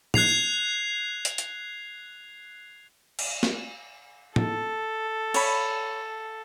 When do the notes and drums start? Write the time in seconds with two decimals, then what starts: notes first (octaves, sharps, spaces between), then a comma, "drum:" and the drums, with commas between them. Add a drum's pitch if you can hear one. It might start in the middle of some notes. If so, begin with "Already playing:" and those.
0.14 F#6 G#6 C7 F7, drum: tom
1.25 drum: hi-hat
1.38 drum: hi-hat
3.19 drum: cymbal
3.43 drum: snare
4.36 A4, drum: tom
5.34 C#5 B5, drum: cymbal